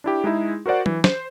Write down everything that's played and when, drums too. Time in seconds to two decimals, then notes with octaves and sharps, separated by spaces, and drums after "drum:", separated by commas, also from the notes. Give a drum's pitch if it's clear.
0.04 D4 E4 G4
0.24 G#3 D#4 E4 G#4
0.66 F#4 A#4 C5 D5 F#5
0.86 E3, drum: tom F#3
1.04 C5, drum: snare